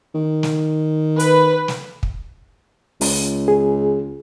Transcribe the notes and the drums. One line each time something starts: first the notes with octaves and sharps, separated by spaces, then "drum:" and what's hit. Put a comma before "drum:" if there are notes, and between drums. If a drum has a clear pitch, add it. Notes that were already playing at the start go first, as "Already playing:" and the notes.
D#3
drum: snare
B4, drum: hi-hat
drum: snare
drum: kick
C#2, drum: open hi-hat
G#4